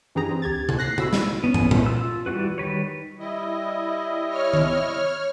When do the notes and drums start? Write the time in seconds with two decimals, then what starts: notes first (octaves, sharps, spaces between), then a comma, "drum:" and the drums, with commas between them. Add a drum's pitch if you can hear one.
0.15 F#2 E3 D4 G4 G#4 A#5
0.31 C4
0.42 D2 G4 G#6 A6
0.69 drum: tom C3
0.78 F#6 A#6 C7
0.98 C3 F#4 B5 E6, drum: tom C3
1.13 drum: snare
1.44 B3 C#4
1.54 drum: tom
1.71 drum: tom A#2
1.86 F4 E6
2.26 E3 G3 D4 F#4 B4
2.58 D#3 G3 B4 C#5
3.20 G3 E4 D#5
4.28 C#5 F6
4.53 drum: tom D#3